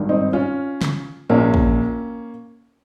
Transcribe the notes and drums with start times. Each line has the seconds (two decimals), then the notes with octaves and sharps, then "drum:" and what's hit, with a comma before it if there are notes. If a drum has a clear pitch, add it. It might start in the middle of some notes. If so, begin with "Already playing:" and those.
Already playing: G#1 G2 D#3
0.09 C4 D#4
0.33 C#4 F4
0.81 drum: snare
1.30 A#1 A#2 A#3 C#4
1.54 drum: kick